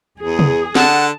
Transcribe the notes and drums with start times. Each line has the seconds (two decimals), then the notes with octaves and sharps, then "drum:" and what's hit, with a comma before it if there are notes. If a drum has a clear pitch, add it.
0.20 E2 G#4
0.39 drum: tom
0.75 D3 F#5 A5, drum: snare